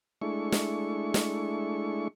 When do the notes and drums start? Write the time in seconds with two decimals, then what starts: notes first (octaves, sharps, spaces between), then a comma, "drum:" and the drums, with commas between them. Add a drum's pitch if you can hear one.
0.21 G#3 A3 D4 E4 C#6
0.52 drum: snare
1.14 drum: snare